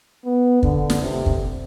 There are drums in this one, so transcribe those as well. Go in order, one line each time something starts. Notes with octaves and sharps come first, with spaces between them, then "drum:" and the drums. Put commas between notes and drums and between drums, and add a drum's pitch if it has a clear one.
B3
D3, drum: kick
drum: snare
C3
drum: kick